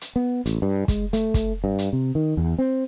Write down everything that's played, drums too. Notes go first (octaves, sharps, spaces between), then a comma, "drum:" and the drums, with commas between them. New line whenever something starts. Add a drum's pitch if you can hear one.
drum: hi-hat
B3
A1, drum: hi-hat
G2
G#3, drum: kick, hi-hat
A3, drum: hi-hat
drum: kick, hi-hat
G2
drum: hi-hat
C3
D#3
E2
C4